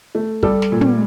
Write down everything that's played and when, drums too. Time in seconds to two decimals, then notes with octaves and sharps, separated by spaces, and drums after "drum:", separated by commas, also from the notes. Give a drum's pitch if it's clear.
0.15 A3
0.43 G3 A4, drum: kick
0.62 drum: snare
0.72 A#2
0.81 drum: tom